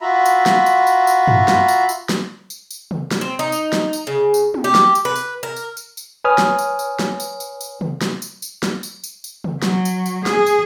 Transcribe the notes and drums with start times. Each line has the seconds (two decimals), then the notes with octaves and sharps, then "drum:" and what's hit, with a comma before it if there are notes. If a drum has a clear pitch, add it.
0.01 F4 F#4 E5 A#5 B5
0.25 drum: tambourine
0.46 drum: snare
0.66 drum: tambourine
0.87 drum: tambourine
1.07 drum: tambourine
1.28 drum: tom
1.48 drum: snare
1.68 drum: tambourine
1.89 drum: tambourine
2.09 drum: snare
2.50 drum: tambourine
2.71 drum: tambourine
2.91 drum: tom
3.11 drum: snare
3.21 C4
3.39 D#4
3.52 drum: tambourine
3.73 drum: snare
3.93 drum: tambourine
4.07 C#3
4.34 drum: tambourine
4.54 drum: tom
4.64 G4
4.75 drum: snare
4.95 drum: tambourine
5.05 B4
5.16 drum: tambourine
5.43 A#4
5.56 drum: tambourine
5.77 drum: tambourine
5.97 drum: tambourine
6.24 B4 C#5 G#5 D#6 F6
6.38 drum: snare
6.59 drum: tambourine
6.79 drum: tambourine
6.99 drum: snare
7.20 drum: tambourine
7.40 drum: tambourine
7.61 drum: tambourine
7.81 drum: tom
8.01 drum: snare
8.22 drum: tambourine
8.42 drum: tambourine
8.63 drum: snare
8.83 drum: tambourine
9.04 drum: tambourine
9.24 drum: tambourine
9.44 drum: tom
9.62 F#3, drum: snare
9.85 drum: tambourine
10.06 drum: tambourine
10.26 G#4, drum: snare
10.47 drum: tambourine